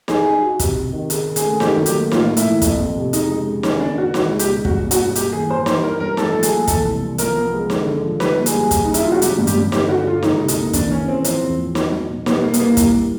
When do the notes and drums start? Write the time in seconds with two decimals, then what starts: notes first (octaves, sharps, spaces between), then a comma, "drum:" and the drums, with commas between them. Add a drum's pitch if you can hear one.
0.08 D#4 G#4, drum: snare
0.25 D#4
0.42 F#4
0.59 C3, drum: kick, hi-hat
0.76 C3
0.93 D#3
1.10 C#3, drum: hi-hat
1.27 C#3
1.36 G#4, drum: hi-hat
1.44 A3
1.60 D#3 G4, drum: snare
1.77 F#3
1.86 G4, drum: hi-hat
1.94 A#3
2.12 A2 F4, drum: snare
2.29 A2
2.37 E4, drum: hi-hat
2.46 F3
2.62 F2, drum: kick, hi-hat
2.79 F2
2.97 C3
3.13 C#3 D#4, drum: hi-hat
3.29 G#3
3.47 C#3
3.63 D#3 C#4, drum: snare
3.80 B3 D4
3.97 D4 F#4
4.14 C#2 F#4, drum: snare
4.31 G#3
4.39 G4, drum: hi-hat
4.48 B2
4.65 G2 F#4, drum: kick
4.82 B3
4.91 F#4, drum: hi-hat
4.99 G2
5.15 A#3 G4, drum: hi-hat
5.32 E3 G#4
5.49 E3 C5
5.66 G3 C5, drum: snare
5.83 D4 A#4
6.00 G3 A#4
6.17 A3 A4, drum: snare
6.32 F3 A4
6.43 G#4, drum: hi-hat
6.51 A#2
6.67 E3 A4, drum: kick, hi-hat
6.85 C2
7.02 C2
7.18 F3 A#4, drum: hi-hat
7.36 B3
7.53 G#3
7.70 D3, drum: snare
7.86 D3
8.03 F3
8.20 G3 B4, drum: snare
8.37 A#2
8.46 G#4, drum: hi-hat
8.55 G3
8.71 C#3, drum: kick, hi-hat
8.84 C#3 D#4
8.94 E4, drum: hi-hat
9.03 C#3 F4
9.12 F#4
9.22 F#3 G4, drum: hi-hat
9.38 G2
9.47 G4, drum: hi-hat
9.55 G2
9.72 D3 G4, drum: snare
9.89 D3 F#4
10.06 D3 F4
10.23 C#2 D#4, drum: snare
10.40 C3
10.48 D#4, drum: hi-hat
10.57 A#3
10.73 E3 D4, drum: kick, hi-hat
10.91 E3 C#4
11.08 E3 C4
11.24 F3 C4, drum: hi-hat
11.41 E2
11.58 F3
11.75 F#3, drum: snare
11.92 F#3
12.09 B2
12.26 G3 B3, drum: snare
12.43 G3 A#3
12.54 B3, drum: hi-hat
12.60 A#3 E4
12.77 G3, drum: kick, hi-hat
12.93 G3